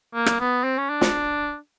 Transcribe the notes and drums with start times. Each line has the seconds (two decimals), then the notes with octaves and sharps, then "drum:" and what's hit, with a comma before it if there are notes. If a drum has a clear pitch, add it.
0.14 A#3
0.26 drum: rim click
0.40 B3
0.64 C4
0.78 C#4
0.89 D4
1.01 drum: snare